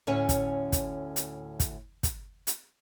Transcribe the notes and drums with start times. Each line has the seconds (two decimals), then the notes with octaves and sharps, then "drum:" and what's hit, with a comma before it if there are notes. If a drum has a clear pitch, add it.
0.07 D2 A2 C#4 C#5 G#5
0.29 drum: kick, hi-hat
0.72 drum: kick, hi-hat
1.16 drum: hi-hat
1.60 drum: kick, hi-hat
2.03 drum: kick, hi-hat
2.47 drum: hi-hat